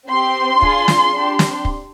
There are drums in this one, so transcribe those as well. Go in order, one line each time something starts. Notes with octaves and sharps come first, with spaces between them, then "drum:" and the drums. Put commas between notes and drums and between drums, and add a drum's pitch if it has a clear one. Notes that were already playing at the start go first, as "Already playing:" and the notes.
C4 G4 C6
D4 F4 G#4, drum: kick
drum: snare
D4 G4
drum: snare
drum: kick